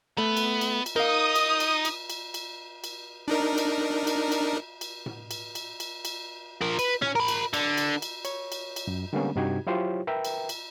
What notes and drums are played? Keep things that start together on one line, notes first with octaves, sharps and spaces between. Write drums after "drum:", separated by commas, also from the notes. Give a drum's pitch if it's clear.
A3 B3
drum: cymbal
drum: cymbal
drum: cymbal
D#4 A#4 F5 D#6
drum: cymbal
drum: cymbal
drum: cymbal
drum: cymbal
drum: cymbal
drum: cymbal
D4 D#4 A#4
drum: cymbal
drum: cymbal
drum: cymbal
drum: cymbal
drum: tom A2
drum: cymbal
drum: cymbal
drum: cymbal
drum: cymbal
F3 A#4
B4, drum: cymbal
C#4, drum: tom A2
A#4 B5
drum: cymbal
D3, drum: cymbal
drum: cymbal
drum: cymbal
C#5, drum: cymbal
drum: cymbal
drum: cymbal
F#2
D3 G3 G#3 A#3 B3 C#4
G2 C3 D#4 F#4 G4 G#6
F#3 E4 F4 G4 C5 C#5
A#4 B4 E5 G5 A#5
drum: cymbal
drum: cymbal